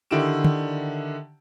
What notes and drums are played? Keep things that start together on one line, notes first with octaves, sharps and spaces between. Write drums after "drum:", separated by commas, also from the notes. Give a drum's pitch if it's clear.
D3 D#3 E4 G4 D7 E7
drum: tom D3